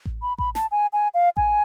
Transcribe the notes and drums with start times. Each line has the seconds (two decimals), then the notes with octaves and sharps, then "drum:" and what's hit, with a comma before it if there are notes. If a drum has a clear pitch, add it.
0.06 drum: kick A1
0.22 B5
0.38 B5, drum: kick A1
0.55 A5, drum: snare
0.71 G#5
0.93 G#5
1.14 F5
1.37 G#5, drum: kick A1